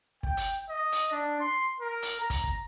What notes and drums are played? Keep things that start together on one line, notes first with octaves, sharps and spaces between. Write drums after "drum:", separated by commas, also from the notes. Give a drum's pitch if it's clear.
G5, drum: kick
drum: hi-hat
D#5
drum: hi-hat
D4
C6
A#4
drum: hi-hat
A#5
drum: kick, hi-hat
drum: kick